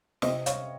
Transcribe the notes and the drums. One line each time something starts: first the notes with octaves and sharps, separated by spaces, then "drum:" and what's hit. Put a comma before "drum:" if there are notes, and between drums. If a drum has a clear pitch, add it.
C3 C5 D#5, drum: snare
C#5 F5, drum: hi-hat